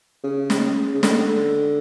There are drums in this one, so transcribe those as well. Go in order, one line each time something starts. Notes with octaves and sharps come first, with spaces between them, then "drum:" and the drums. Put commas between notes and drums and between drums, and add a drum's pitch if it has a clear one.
C#3
drum: snare
C#3
D3, drum: snare